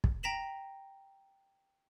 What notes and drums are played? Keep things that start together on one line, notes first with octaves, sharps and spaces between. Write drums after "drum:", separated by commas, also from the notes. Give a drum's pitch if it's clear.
drum: kick
G5 A#5 A#6 B6 E7 F#7